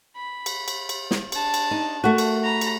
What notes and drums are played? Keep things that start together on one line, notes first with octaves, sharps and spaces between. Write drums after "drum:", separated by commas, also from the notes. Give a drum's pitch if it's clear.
B5
drum: cymbal
drum: cymbal
drum: cymbal
drum: snare
D4 A5, drum: cymbal
drum: cymbal
D#4
A3 F#4 A#4
drum: cymbal
A#5 B5
drum: cymbal